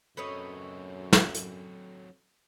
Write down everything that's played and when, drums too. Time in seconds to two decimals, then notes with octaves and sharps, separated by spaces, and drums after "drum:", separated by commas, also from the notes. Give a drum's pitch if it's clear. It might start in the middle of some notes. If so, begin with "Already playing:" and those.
0.17 F#2 F#3 C4 A4 B4 C#5 D#5
1.13 drum: snare
1.35 drum: hi-hat